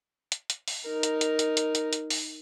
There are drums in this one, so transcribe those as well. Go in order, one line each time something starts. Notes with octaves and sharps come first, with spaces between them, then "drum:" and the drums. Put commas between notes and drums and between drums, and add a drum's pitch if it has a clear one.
drum: hi-hat
drum: hi-hat
drum: open hi-hat
D#4 A#4
drum: hi-hat
drum: hi-hat
drum: hi-hat
drum: hi-hat
drum: hi-hat
drum: hi-hat
drum: open hi-hat